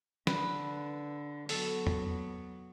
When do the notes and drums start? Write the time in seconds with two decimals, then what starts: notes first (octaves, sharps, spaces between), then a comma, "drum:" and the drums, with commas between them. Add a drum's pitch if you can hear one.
0.27 D3 B4, drum: snare
1.49 F#3 B3 A4, drum: open hi-hat
1.87 drum: tom E2